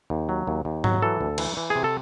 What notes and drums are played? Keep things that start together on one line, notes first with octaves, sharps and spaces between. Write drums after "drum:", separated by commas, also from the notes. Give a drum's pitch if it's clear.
D#2
F#3
D#2
D#2
F#3, drum: tom G#2
E3 A4
D2
E3, drum: cymbal
E3
G#4
C3
A4